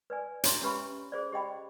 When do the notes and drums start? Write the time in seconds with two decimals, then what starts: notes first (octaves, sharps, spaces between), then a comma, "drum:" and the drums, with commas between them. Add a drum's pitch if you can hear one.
0.10 B4 D5 G#5
0.44 C#5 E5 A#5 C6, drum: hi-hat
0.63 C#4 G4 B4 E5 B5 C#6
1.12 G#4 C5 D5
1.32 G4 D#5 G5 B5